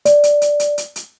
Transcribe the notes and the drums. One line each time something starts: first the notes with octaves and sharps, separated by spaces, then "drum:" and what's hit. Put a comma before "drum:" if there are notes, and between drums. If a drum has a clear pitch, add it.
D5, drum: hi-hat
drum: hi-hat
drum: hi-hat
drum: hi-hat
drum: hi-hat
drum: hi-hat